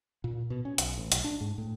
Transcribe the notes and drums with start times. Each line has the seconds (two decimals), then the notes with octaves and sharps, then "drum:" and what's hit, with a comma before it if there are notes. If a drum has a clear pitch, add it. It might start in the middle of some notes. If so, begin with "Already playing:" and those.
0.24 A#2
0.50 B2
0.65 C#4
0.78 B1, drum: hi-hat
0.98 A1
1.12 B1, drum: hi-hat
1.24 D4
1.41 G#2
1.58 A2